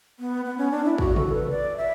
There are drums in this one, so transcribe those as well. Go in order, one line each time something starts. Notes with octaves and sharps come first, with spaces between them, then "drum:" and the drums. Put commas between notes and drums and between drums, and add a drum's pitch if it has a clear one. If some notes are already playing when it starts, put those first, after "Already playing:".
B3
B3
C#4
D4
E4
F#4, drum: kick
A4, drum: tom
B4
D5
E5